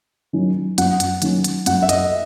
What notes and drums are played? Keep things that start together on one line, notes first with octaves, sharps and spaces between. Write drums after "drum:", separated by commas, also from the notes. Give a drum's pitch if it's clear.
D#3 F#3 C#4
F#2 F#5, drum: hi-hat
drum: hi-hat
D#3 F#3 C#4, drum: hi-hat
drum: hi-hat
F#2 F#5, drum: hi-hat
E5
D#5, drum: hi-hat